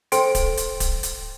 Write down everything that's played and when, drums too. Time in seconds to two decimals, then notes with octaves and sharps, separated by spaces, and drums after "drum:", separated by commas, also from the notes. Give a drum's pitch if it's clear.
0.12 A4 C5 G5 C6 D7, drum: hi-hat
0.35 drum: kick D1, hi-hat
0.57 drum: hi-hat
0.80 drum: kick D1, hi-hat
1.03 drum: hi-hat